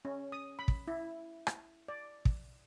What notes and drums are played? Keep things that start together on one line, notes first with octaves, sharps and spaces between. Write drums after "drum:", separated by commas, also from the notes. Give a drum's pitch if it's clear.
C#4
D#6
B5
drum: kick
E4
drum: rim click
D5
drum: kick